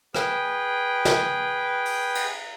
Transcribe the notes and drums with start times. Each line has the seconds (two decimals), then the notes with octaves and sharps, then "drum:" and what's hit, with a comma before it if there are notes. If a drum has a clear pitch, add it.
0.15 G#4 B4 G5, drum: rim click
1.05 drum: snare
1.85 drum: open hi-hat
2.15 drum: cymbal